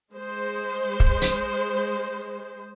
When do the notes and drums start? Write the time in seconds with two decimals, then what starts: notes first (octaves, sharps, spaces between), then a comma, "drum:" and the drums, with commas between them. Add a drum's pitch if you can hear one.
0.13 G#3 C5
1.00 drum: kick
1.22 drum: hi-hat